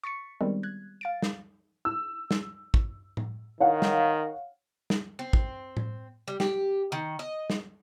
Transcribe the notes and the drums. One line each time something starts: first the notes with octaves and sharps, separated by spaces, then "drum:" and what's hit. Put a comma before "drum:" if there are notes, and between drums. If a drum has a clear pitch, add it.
C#6 A6 B6 C#7
D#3 G3 G#3 B3 C4
F#6 G#6
F5 A6 D7
drum: snare
E6
drum: snare
drum: kick
drum: tom A2
D#3 C#5 F5 F#5
drum: snare
drum: snare
C4
drum: kick
drum: tom A2
G3
G4, drum: snare
D#3
D#5
drum: snare